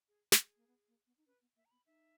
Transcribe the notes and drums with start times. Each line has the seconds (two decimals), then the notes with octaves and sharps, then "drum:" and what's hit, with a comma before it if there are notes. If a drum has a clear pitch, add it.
0.08 G#4
0.32 G#4, drum: snare
0.56 A#3
0.67 B3
0.88 A#3
1.06 B3
1.17 D#4
1.27 C#4 B4
1.41 B3
1.56 A#3 E5
1.65 A#5
1.71 B3 B5
1.86 D#4 E5